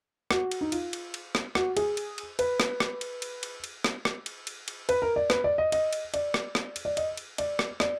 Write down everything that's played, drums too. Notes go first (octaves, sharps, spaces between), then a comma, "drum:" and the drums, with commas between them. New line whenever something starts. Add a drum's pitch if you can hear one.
F#4, drum: rim click
drum: cymbal
D#4
F4, drum: cymbal
drum: cymbal
drum: cymbal
drum: rim click
F#4, drum: rim click
G#4, drum: cymbal
drum: cymbal
drum: cymbal
B4, drum: cymbal
drum: rim click
drum: rim click
drum: cymbal
drum: cymbal
drum: cymbal
drum: cymbal
drum: rim click
drum: rim click
drum: cymbal
drum: cymbal
drum: cymbal
B4, drum: cymbal
A#4
D5
B4, drum: rim click
D5
D#5
D#5, drum: cymbal
drum: cymbal
D5, drum: cymbal
drum: rim click
drum: rim click
drum: cymbal
D5
D#5, drum: cymbal
drum: cymbal
D5, drum: cymbal
drum: rim click
D5, drum: rim click